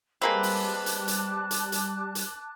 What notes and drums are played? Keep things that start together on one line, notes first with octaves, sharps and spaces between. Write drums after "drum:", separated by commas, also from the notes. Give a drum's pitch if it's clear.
G3 G#3 A#3 C4 B4 A5 D6 F#6
drum: open hi-hat
drum: hi-hat
drum: hi-hat
drum: hi-hat
drum: hi-hat
drum: hi-hat